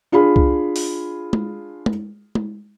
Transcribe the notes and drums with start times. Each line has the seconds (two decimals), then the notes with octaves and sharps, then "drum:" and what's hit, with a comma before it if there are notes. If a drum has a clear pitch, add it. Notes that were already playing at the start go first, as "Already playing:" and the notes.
0.12 D4 F4 G#4 B5
0.36 drum: kick C2
0.76 drum: open hi-hat
1.33 drum: tom G#3
1.86 drum: tom G#3
2.35 drum: tom G#3